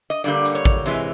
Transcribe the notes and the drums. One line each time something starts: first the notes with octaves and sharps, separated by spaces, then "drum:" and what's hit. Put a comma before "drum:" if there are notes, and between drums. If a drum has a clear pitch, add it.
D#5
G2 D3 G3 A#3 D5
drum: hi-hat
C#5
drum: kick A1
C3 E3 G#3, drum: hi-hat